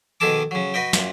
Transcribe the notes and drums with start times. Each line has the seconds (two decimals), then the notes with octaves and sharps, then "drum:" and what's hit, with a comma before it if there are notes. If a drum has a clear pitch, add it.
0.20 B2 D#3 G#4 A4 A5 D6
0.51 C#3 F#3
0.74 F#4 B4 D#5 G5
0.93 F#2 A#2, drum: snare